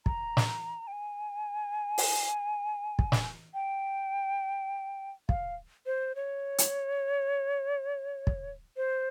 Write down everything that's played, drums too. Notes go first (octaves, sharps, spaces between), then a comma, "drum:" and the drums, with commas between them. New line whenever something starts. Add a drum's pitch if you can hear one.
A#5, drum: kick
drum: snare
G5
G#5
drum: open hi-hat
drum: kick
drum: snare
G5
F5, drum: kick
C5
C#5
drum: hi-hat
drum: kick
C5